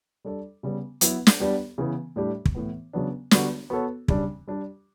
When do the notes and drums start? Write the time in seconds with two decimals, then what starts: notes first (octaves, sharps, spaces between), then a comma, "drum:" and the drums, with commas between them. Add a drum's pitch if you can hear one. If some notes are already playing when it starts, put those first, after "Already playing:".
0.24 G3 D4 A4 D5
0.63 C#3 G3 B3
1.01 F#3 B3 E4, drum: hi-hat
1.27 drum: snare
1.40 G3 B3 D4 G4 D5
1.78 C#3 E3 B3
2.16 A2 G3 D4 G4 D5
2.45 drum: kick
2.55 A2 E3 B3
2.93 C#3 F#3 B3 D4
3.31 D3 G3 B3 F#4, drum: snare
3.70 B3 F#4 A4 C#5
4.08 C#3 G3 D4, drum: kick
4.47 G3 D4 G4 D5